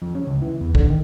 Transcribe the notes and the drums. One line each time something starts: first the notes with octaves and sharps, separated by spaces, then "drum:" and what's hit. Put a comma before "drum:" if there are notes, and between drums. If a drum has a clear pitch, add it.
F2
C#3
C#2
E3
E2
D3, drum: kick
D#3